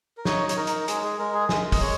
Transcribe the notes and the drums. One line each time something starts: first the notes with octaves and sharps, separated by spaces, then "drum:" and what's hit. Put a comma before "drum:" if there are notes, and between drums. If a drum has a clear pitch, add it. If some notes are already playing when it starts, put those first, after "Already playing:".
A#4
D#4 C#5, drum: snare
C#5, drum: hi-hat
D#4 A#4
drum: hi-hat
G#3 G#4, drum: hi-hat
G#4
G#3 A#4
G#4
G#3 A#4, drum: snare
D#5, drum: kick, open hi-hat
G#3 C#5